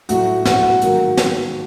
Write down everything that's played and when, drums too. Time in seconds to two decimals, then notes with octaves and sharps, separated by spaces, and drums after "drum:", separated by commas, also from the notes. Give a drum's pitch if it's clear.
0.09 A2 F#3 A3 F#4, drum: hi-hat
0.45 F#4, drum: snare
0.63 F#4
0.81 G#2 D#3 F#3 A#3, drum: hi-hat
1.17 drum: snare